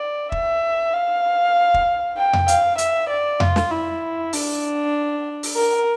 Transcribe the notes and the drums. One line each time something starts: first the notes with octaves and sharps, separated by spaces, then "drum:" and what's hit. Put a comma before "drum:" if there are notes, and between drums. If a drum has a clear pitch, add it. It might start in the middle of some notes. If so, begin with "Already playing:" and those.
Already playing: D5
E5, drum: kick
F5
drum: kick
G5
drum: tom F2
F5, drum: hi-hat
E5, drum: hi-hat
D5
F4, drum: tom F2
drum: snare
E4
D4, drum: open hi-hat
drum: open hi-hat
A#4